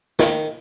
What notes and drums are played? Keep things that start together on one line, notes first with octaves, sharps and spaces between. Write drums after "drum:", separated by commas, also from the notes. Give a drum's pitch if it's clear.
D#3, drum: snare